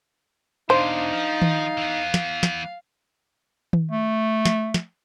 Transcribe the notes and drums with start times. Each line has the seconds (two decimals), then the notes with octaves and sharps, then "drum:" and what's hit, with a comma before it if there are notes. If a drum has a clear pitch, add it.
0.70 E2 B2 D4 D#4 C5 F5
1.13 F3 F5
1.42 drum: tom D#3
1.78 E3 B3
2.14 drum: snare
2.43 drum: snare
3.73 drum: tom D#3
3.92 A3
4.45 drum: snare
4.74 drum: snare